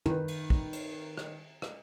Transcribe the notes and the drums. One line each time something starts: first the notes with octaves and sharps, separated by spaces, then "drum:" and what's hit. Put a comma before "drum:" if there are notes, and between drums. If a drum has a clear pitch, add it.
D#3 B4, drum: tom
drum: cymbal
drum: kick
drum: cymbal
drum: rim click
drum: rim click